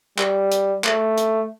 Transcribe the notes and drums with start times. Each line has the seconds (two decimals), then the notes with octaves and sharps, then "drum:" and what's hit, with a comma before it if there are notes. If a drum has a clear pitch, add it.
0.18 G3, drum: clap
0.52 drum: hi-hat
0.84 A3, drum: clap
1.18 drum: hi-hat